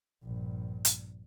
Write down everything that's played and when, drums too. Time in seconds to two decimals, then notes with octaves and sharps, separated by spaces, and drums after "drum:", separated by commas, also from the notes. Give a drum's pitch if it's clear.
0.23 A#1 G2
0.85 drum: hi-hat